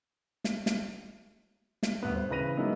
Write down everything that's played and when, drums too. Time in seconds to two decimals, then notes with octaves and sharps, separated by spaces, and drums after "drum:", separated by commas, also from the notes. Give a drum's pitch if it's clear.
0.44 drum: snare
0.66 drum: snare
1.83 drum: snare
2.03 D2 G2 B3
2.15 C5
2.30 C#3 E3 B4 A#6 D#7 F7
2.57 F#3 G#3 A#3 B3 D#4 E4